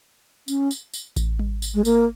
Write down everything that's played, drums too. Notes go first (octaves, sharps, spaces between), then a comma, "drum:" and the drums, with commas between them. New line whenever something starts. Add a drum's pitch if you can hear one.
C#4, drum: tambourine
drum: tambourine
drum: tambourine
drum: kick A1, tambourine
drum: tom G3
drum: tambourine
G#3
A#3, drum: tambourine